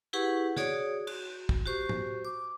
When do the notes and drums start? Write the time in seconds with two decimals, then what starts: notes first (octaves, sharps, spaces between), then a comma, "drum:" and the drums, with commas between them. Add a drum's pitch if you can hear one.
0.13 E4 G4 G#4 B4 F#5 C#6
0.57 F#4 G#4 C#5 D5 D#6, drum: snare
1.07 F#4, drum: cymbal
1.49 drum: kick
1.66 F#4 G4 C5 C#6
1.89 drum: tom
2.25 D6